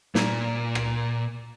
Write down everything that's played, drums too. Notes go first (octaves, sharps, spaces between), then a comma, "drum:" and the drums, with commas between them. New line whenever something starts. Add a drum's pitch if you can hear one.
A#2, drum: snare
drum: rim click